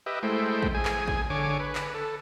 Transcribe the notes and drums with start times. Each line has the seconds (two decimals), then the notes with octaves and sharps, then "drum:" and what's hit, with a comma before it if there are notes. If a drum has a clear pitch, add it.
0.06 G4 B4 D#5 E5
0.23 G#3 A3 E4 C5 G5
0.63 drum: kick A1
0.75 G#4 G#5
0.85 drum: clap
1.08 drum: kick A1
1.30 D3 C#5 G#5 D6
1.60 B4
1.75 drum: clap
1.94 A4